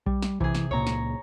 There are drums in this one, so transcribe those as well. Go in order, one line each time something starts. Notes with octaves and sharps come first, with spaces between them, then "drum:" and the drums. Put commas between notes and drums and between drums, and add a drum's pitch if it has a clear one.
G3, drum: kick B1
drum: snare
C3 E3 G#4, drum: kick B1
drum: snare
C#2 A#2 C#5 A#5
drum: snare